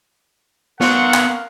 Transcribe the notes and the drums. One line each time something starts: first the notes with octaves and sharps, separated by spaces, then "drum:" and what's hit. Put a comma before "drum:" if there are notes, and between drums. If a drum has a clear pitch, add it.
B3 A#4 F5 F#5 C6 C#6, drum: snare
drum: clap